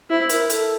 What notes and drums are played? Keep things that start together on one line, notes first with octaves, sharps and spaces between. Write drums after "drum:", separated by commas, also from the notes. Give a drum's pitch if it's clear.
E4 C5
A#4, drum: hi-hat
A4, drum: hi-hat